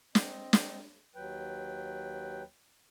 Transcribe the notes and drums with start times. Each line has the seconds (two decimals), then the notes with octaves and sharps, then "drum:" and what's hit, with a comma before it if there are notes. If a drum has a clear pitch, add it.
0.15 C4 D#5, drum: snare
0.53 drum: snare
1.15 D#2 F#3 B4 G5